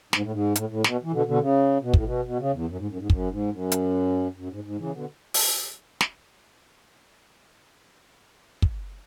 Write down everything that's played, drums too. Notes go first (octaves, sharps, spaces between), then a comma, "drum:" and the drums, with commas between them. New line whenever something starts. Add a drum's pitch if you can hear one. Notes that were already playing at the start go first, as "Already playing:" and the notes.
G#2, drum: snare
A2
G#2
A2, drum: hi-hat
A2
B2, drum: snare
E3
B2 D3
B2 D3
C#3
B2
A2, drum: kick
B2
B2
C#3
E2
F#2
G#2
F#2
G#2
F#2, drum: kick
G#2
F#2
drum: hi-hat
F#2
G#2
G#2
C#3 E3
B2 D3
drum: open hi-hat
drum: snare
drum: kick